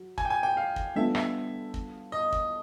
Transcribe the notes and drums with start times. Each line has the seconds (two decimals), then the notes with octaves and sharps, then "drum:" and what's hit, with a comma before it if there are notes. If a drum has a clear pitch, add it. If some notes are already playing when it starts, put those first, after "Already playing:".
Already playing: F#3
0.18 G#5, drum: kick
0.25 G5
0.30 G#5
0.43 G5
0.57 F5
0.76 drum: kick
0.95 G3 B3 D4 F4 A4 E5
1.15 E5, drum: rim click
1.74 drum: kick
2.12 D#5
2.32 drum: kick